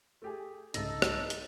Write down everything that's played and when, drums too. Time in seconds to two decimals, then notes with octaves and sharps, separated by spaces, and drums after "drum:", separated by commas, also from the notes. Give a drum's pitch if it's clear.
0.22 A3 G4 G#4
0.74 C2 G#2 C#3 D#4 A4 E6 A#6, drum: hi-hat
1.02 drum: rim click
1.30 drum: hi-hat